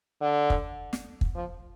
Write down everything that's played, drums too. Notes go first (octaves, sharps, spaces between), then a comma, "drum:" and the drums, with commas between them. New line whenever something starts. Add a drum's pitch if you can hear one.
D3
drum: kick
drum: snare
drum: kick
F3